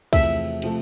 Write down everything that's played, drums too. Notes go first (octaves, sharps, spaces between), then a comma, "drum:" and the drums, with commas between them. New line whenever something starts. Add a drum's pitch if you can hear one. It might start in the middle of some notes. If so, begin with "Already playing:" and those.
E2 C3 F3 A3 E5, drum: kick C2, cymbal
C3 F3 A3, drum: cymbal